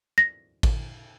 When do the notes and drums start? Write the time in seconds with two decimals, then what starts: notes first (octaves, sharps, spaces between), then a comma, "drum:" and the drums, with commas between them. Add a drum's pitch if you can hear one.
0.18 A#6
0.63 drum: kick A1, cymbal